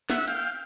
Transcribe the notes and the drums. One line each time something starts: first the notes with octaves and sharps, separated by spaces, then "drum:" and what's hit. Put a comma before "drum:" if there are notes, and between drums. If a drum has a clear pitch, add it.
E5 F#5, drum: snare
F5 G5, drum: hi-hat